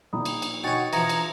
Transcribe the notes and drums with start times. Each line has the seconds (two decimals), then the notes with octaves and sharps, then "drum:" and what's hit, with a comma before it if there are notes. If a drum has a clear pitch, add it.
0.13 A#1 A#2 D#3 A#5 B5 D#6
0.25 drum: cymbal
0.42 drum: cymbal
0.64 D#4 F#4 C#5 G5 G#5 A6 C#7
0.93 E3 F3 A#5 D#6 G#6 C#7, drum: cymbal
1.09 drum: cymbal